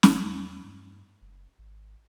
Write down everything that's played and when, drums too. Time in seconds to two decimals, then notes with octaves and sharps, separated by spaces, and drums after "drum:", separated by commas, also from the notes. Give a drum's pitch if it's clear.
0.03 G#1, drum: snare
0.24 E2
0.64 G2
1.22 F#1
1.59 G#1